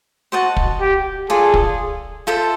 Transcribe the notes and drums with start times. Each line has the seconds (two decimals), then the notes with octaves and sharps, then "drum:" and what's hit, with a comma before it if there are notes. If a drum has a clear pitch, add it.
0.32 F#4 C5 D#5 F#5 A5
0.57 drum: kick
0.80 G4
1.29 F4 G#4 A4 D5
1.54 drum: kick
2.27 F4 A4 C5 E5